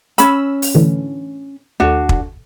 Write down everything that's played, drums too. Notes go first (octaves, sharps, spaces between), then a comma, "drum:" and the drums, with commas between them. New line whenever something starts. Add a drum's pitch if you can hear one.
C#4 B5 E6, drum: hi-hat
drum: open hi-hat
A2 D3 E3
D#2 A3 D4 F#4
drum: kick